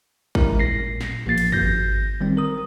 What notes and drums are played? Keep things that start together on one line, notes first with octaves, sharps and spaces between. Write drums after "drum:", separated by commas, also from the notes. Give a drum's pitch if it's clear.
G#3 E4 A#4, drum: kick A1
A#2 A#6 C7
drum: snare
A1 F3 A#3 A6 C7
drum: cymbal
G#1 G6 A#6, drum: tom E2
D#3 G3 C4
A#4 D#6